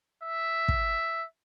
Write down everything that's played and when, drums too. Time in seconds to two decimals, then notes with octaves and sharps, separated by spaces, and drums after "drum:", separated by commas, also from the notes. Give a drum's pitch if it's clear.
0.23 E5
0.68 drum: kick